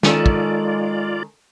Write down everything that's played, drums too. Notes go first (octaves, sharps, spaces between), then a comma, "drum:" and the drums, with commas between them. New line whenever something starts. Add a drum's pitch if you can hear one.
D#3 G#3 C#4 F4 A4 D5, drum: snare
drum: kick